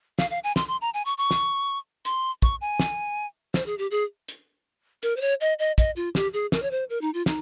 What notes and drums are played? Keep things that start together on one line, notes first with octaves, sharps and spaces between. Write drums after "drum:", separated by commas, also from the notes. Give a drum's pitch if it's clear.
F5, drum: snare
F5
G#5
C6, drum: snare
C6
A#5
G#5
C#6
C#6
drum: snare
C6, drum: hi-hat
C#6, drum: kick
G#5
drum: snare
C5, drum: snare
G#4
G4
G#4
drum: hi-hat
A#4, drum: hi-hat
C5
C#5
D#5
D#5
D#5, drum: kick, hi-hat
F4
G4, drum: snare
G#4
A#4, drum: snare
C#5
C5
A#4
D#4
F4
D#4, drum: snare